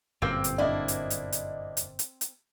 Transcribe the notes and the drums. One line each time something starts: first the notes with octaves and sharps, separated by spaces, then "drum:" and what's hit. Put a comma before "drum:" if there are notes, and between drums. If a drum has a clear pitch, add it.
G1 F#2 A#2 A#3 C4
drum: hi-hat
A#3 D4 E4 D5 D#5
drum: hi-hat
drum: hi-hat
drum: hi-hat
drum: hi-hat
drum: hi-hat
drum: hi-hat